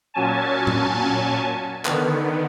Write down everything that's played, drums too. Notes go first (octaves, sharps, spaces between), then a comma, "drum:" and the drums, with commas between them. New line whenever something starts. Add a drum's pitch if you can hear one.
A#2 F#3 C#4 G#5 A5
drum: tom A2
D3 D#3 B3, drum: clap